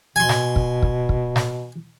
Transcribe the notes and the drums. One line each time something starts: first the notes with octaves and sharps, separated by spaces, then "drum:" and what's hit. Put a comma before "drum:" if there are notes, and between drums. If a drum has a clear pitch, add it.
B2 G#5 C6
drum: snare
drum: kick
drum: kick
drum: kick
drum: snare